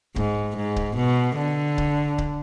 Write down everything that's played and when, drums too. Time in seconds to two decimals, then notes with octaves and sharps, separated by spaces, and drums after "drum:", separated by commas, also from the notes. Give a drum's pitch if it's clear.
0.16 G#2, drum: kick C#1
0.57 G#2
0.76 drum: kick C#1
0.96 B2
1.37 D3
1.78 drum: kick C#1
2.18 drum: kick C#1